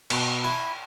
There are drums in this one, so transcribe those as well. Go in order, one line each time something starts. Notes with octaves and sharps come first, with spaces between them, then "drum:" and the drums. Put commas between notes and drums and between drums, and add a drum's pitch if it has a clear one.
B2, drum: cymbal
E4